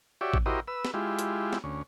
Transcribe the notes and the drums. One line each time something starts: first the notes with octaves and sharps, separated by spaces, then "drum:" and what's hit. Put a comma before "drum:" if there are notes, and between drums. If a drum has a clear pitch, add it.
F#4 G4 C#5 D5 E5
drum: kick A1
E4 F#4 G4 A#4 C5 D#5
B4 E6
drum: snare
G#3 E4 F4 G4
drum: hi-hat
drum: snare
D2 C#4